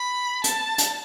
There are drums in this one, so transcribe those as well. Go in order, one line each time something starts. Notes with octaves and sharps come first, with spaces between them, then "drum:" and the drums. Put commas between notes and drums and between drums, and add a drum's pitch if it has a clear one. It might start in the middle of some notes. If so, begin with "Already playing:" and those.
Already playing: B5
A5, drum: hi-hat
drum: hi-hat